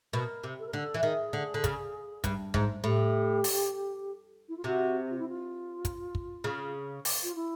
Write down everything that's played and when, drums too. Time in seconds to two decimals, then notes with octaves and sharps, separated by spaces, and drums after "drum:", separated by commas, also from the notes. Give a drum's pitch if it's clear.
0.13 B2 A#4
0.44 C3
0.59 A4
0.66 A#4
0.73 D3 A4
0.94 E3
1.03 D#3 G#4
1.33 D3
1.54 D3
1.64 C#3, drum: kick, hi-hat
2.24 G2, drum: kick, hi-hat
2.54 G#2, drum: kick
2.84 A2 G4
3.44 drum: open hi-hat
4.48 E4
4.56 F4
4.64 C3 F#4
5.10 F4
5.18 E4
5.28 F4
5.85 drum: kick, hi-hat
6.15 drum: kick
6.44 C#3
7.05 drum: open hi-hat
7.22 F4
7.35 E4